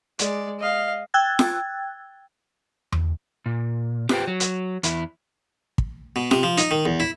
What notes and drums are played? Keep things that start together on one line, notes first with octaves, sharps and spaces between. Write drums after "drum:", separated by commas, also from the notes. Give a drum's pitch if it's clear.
G#3 D5, drum: hi-hat
D#5 F5
G5 E6 F#6 G#6 A6
drum: snare F4
drum: tom E2
A#2
G4 B4 C5 G5, drum: snare F4
F#3
drum: hi-hat
E2 E4, drum: hi-hat
drum: kick
B2
C3, drum: snare F4
F3
D#4, drum: hi-hat
D#3
E2
E4